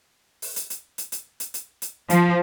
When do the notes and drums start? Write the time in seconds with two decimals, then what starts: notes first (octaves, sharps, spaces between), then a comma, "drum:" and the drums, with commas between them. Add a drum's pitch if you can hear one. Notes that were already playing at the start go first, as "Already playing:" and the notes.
0.42 drum: open hi-hat
0.56 drum: hi-hat
0.70 drum: hi-hat
0.98 drum: hi-hat
1.12 drum: hi-hat
1.40 drum: hi-hat
1.54 drum: hi-hat
1.82 drum: hi-hat
2.10 F3, drum: hi-hat